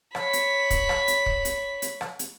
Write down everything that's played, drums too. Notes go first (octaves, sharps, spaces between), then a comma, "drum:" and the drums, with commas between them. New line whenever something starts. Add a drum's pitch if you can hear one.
C#5 B5, drum: rim click
drum: hi-hat
drum: kick, hi-hat
drum: rim click
drum: hi-hat
drum: kick
drum: hi-hat
drum: hi-hat
drum: rim click
drum: hi-hat